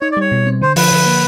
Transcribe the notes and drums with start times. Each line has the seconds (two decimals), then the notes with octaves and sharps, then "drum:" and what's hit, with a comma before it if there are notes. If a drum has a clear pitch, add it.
0.01 D#4 C#5
0.12 D5
0.17 G3 C#5
0.32 B2
0.47 C4
0.61 D3 C5
0.76 F3 B4, drum: open hi-hat
0.92 D3
1.06 A#3